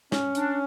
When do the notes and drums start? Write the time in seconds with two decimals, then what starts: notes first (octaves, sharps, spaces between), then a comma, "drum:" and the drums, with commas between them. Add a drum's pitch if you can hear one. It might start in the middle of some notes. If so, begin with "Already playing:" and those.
0.12 C#4, drum: snare
0.35 D4, drum: hi-hat